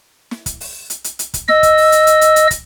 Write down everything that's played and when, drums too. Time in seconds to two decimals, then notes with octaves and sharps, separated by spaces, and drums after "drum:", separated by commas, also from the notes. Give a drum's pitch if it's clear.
0.31 drum: snare
0.46 drum: kick, hi-hat
0.61 drum: open hi-hat
0.90 drum: hi-hat
1.04 drum: hi-hat
1.19 drum: hi-hat
1.34 drum: kick, hi-hat
1.48 D#5 E6, drum: snare
1.63 drum: kick, hi-hat
1.77 drum: open hi-hat
1.92 drum: hi-hat
2.07 drum: hi-hat
2.21 drum: hi-hat
2.36 drum: hi-hat
2.51 drum: kick, hi-hat